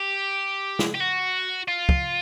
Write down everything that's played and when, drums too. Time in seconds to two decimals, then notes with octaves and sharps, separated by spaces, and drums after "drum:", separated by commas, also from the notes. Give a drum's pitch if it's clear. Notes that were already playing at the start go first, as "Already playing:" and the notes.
Already playing: G4
0.79 drum: snare
0.95 G4
1.00 F#4
1.68 F4
1.89 drum: kick